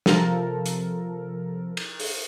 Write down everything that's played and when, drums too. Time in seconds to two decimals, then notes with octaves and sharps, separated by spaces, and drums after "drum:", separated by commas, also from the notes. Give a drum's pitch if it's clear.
0.06 C3 F3 A4 A#4, drum: snare
0.66 drum: hi-hat
1.77 drum: cymbal
1.99 drum: open hi-hat